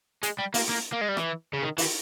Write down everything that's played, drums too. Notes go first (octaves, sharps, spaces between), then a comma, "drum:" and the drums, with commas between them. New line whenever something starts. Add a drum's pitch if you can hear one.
G#3, drum: hi-hat
G3
A#3, drum: open hi-hat
A#3
A#3
G#3
G3
E3, drum: rim click
C#3
D#3
E3, drum: open hi-hat